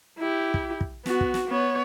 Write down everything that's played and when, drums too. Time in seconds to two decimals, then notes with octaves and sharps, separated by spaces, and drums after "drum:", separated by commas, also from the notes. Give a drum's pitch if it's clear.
0.19 E4 G4
0.54 drum: kick
0.81 drum: kick
1.06 B3 F#4, drum: snare
1.21 drum: kick
1.34 drum: snare
1.47 B3 C#5